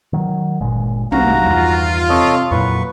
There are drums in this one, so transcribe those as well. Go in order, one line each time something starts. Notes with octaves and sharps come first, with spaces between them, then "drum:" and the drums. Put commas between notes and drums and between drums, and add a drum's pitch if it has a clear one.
D#3 F#3
G1 A#2 G#3
C2 G2 D#3 F#4 F5 A#5, drum: tom
E2 F4
C3 A4 C#5 D#5
F2 A#2 F#3 E4 B4 C#6